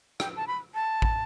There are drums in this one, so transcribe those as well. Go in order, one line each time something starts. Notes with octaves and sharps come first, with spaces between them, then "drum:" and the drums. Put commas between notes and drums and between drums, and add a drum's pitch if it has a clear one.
G5, drum: rim click
A5
B5
A5
drum: kick A1